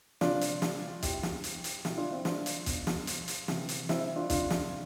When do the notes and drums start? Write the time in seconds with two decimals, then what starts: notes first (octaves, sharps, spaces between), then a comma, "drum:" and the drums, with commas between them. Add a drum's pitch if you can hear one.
0.21 C3 F3 D4 F4, drum: snare
0.41 drum: hi-hat
0.62 drum: snare
1.03 B2 E4 G4, drum: kick, hi-hat
1.23 drum: snare
1.44 drum: hi-hat
1.64 drum: hi-hat
1.85 B2 E4 G4, drum: snare
1.98 D4 F4
2.12 C4 E4
2.25 D4 F4, drum: snare
2.46 drum: hi-hat
2.66 B2, drum: kick, hi-hat
2.87 drum: snare
3.07 drum: hi-hat
3.28 drum: hi-hat
3.48 C3 E3, drum: snare
3.69 drum: hi-hat
3.89 C4 E4, drum: snare
4.16 D4 F4
4.30 C3 F3 D4 F4, drum: kick, hi-hat
4.50 drum: snare